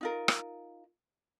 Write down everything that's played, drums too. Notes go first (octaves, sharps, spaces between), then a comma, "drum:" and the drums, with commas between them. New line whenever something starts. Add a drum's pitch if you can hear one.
D#4 F4 A#4
drum: rim click